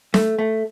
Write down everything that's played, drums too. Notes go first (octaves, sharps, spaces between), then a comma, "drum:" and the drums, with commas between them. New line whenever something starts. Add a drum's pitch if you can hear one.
A3, drum: snare
A3